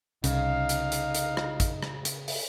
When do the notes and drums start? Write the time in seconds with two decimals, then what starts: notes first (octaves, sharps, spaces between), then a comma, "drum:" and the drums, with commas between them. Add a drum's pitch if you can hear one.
0.24 C2 C#3 D#4 F5, drum: hi-hat
0.69 drum: hi-hat
0.92 drum: hi-hat
1.15 drum: hi-hat
1.37 drum: rim click
1.60 drum: kick, hi-hat
1.83 drum: rim click
2.05 drum: hi-hat
2.28 drum: open hi-hat